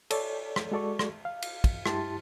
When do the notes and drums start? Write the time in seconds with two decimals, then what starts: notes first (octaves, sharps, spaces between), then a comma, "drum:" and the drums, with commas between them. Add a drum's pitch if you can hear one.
0.11 A4 C#5 D5, drum: cymbal
0.56 drum: rim click
0.72 G#3 F#4 A4 D5 C#6
0.99 drum: rim click
1.25 F5
1.42 drum: cymbal
1.64 drum: kick, cymbal
1.86 G2 E4 G4 A5 C6 A6, drum: rim click